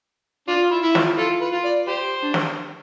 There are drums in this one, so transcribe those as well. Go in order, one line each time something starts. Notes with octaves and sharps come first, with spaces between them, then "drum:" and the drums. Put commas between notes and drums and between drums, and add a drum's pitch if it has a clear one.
D4 F4
F4
E4
E4
F4, drum: snare
F4 A4
B4
F4
D5
G4 C5
D4
drum: snare